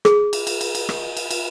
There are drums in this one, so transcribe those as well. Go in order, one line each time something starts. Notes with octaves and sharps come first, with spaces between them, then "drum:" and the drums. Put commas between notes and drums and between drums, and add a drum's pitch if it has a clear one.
G#4, drum: rim click
drum: cymbal
drum: cymbal
drum: cymbal
drum: cymbal
drum: rim click
drum: cymbal
drum: cymbal